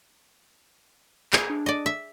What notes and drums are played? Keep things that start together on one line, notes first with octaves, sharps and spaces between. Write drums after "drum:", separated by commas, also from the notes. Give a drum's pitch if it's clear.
G#4, drum: clap
D4
D5 D#5
E5